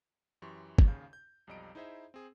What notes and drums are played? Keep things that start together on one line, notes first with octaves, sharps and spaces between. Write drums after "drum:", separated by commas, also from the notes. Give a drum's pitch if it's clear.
F#2 E3 G4 C6 C#6
drum: kick
G#1 D#2 C#3 F5 G6
G6
B1 F2 G3 D#5 A#5 D7
D#4 E4 G#4 C5 D#5 E5
C4 G#4